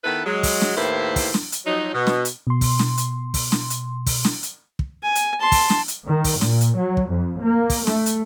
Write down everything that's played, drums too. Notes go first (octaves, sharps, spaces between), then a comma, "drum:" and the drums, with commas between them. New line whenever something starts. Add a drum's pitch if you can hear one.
D#3 B3 E4 A4 B4
F#3 G#3
drum: kick, open hi-hat
drum: snare
D#2 A2 A#3 E4 B4 C5
drum: kick, open hi-hat
drum: snare
drum: hi-hat
F3 F#3 D#4
B2
drum: snare
drum: hi-hat
B2 C6
drum: kick, open hi-hat
drum: snare
drum: hi-hat
drum: kick, open hi-hat
drum: snare
drum: hi-hat
drum: kick, open hi-hat
drum: snare
drum: hi-hat
drum: kick
G#5
drum: hi-hat
A5 C6
drum: kick, open hi-hat
drum: snare
drum: hi-hat
D#3
drum: kick, open hi-hat
A#2, drum: snare
drum: hi-hat
F#3
drum: kick
F2
A#3
drum: kick, open hi-hat
A3, drum: snare
drum: hi-hat